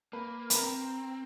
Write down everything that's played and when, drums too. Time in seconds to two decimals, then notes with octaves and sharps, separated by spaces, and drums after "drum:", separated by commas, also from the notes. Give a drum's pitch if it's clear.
0.13 A#3 B4
0.50 B4, drum: hi-hat
0.55 C4 A#4